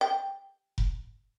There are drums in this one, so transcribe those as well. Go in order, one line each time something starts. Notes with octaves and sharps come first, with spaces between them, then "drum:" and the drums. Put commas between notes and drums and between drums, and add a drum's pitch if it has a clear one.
G5
drum: kick F1